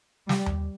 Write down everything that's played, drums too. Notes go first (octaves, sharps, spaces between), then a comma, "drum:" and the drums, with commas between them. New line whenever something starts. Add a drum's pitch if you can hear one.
G3, drum: snare
drum: tom D#2